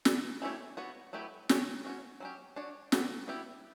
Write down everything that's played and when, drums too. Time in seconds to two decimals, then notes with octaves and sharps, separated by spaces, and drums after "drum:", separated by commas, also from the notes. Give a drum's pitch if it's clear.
0.05 E3 B3 D4 F#4, drum: snare
0.42 A3 C#4 E4 G4 C#5
0.77 B3 F#4 C#5
1.13 F#3 A3 E4 G4 B4
1.49 C#4 G4 C#5, drum: snare
1.85 C#4 F#4 C#5
2.20 F#3 C#4 G4
2.56 D4 F#4 C#5
2.92 G3 B3 F#4 A4 C#5, drum: snare
3.28 B3 E4 G4